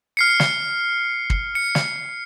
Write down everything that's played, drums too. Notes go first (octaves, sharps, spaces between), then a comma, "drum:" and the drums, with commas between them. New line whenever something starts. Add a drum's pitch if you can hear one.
F6 C7 C#7
drum: snare
drum: kick
C#7
drum: snare